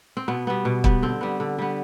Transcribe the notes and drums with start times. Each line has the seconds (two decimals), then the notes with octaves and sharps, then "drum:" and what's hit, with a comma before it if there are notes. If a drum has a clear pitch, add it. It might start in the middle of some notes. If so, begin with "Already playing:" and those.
0.17 C4
0.28 B2 B3
0.47 G3 B3
0.65 B2
0.84 G3 B3, drum: kick
1.02 D3 C4
1.21 G3 B3
1.40 D3
1.58 G3 B3